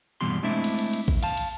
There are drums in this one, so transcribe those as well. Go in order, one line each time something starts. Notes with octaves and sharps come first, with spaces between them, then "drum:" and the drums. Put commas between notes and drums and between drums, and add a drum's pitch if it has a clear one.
E2 G2 B2 E3 G3 C6
G#3 A3 C4 D4 E4
drum: cymbal
drum: cymbal
drum: cymbal
drum: kick A1
F5 A5, drum: cymbal
drum: cymbal